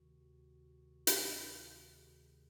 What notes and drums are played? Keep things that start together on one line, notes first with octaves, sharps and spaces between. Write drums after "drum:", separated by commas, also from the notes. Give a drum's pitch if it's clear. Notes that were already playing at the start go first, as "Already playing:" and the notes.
Already playing: D2 C3 D#3 F#4
drum: hi-hat
G#4